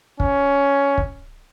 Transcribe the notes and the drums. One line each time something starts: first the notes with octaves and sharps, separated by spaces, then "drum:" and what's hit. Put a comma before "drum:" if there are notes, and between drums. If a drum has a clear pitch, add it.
C#4, drum: kick
drum: kick